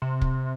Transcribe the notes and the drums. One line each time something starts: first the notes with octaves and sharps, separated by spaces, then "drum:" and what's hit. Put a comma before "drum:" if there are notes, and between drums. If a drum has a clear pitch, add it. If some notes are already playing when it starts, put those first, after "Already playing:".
C3
drum: kick